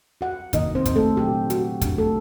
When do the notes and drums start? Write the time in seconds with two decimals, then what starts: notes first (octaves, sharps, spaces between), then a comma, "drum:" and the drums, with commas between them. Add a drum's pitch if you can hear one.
0.21 F#4 F#5
0.53 C3 D#3 G3 A#3 D#4 D#5, drum: kick, hi-hat
0.75 C4 C5
0.86 drum: kick, hi-hat
0.96 A3 A4
1.17 A#2 F#3 A3 D4 G4
1.50 F#4, drum: hi-hat
1.82 C3 G3 D4 G4, drum: kick, hi-hat
1.98 A3 A4